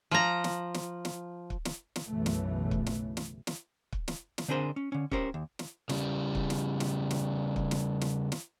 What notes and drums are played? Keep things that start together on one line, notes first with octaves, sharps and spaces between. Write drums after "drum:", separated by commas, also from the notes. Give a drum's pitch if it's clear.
F3 A#5
drum: snare
drum: snare
drum: snare
drum: kick
drum: snare
drum: snare
B1 F#2 C#3 E3 A3
drum: snare
drum: kick
drum: snare
drum: snare
drum: snare
drum: kick
drum: snare
drum: snare
D3 C4 D4 G#4 A#4 C5
C#4
D3 C#4
C#4 G4 A#4 C5, drum: kick
D#2
drum: snare
C#3 G3, drum: snare
drum: kick
drum: snare
drum: snare
drum: snare
drum: kick
drum: snare
drum: snare
drum: snare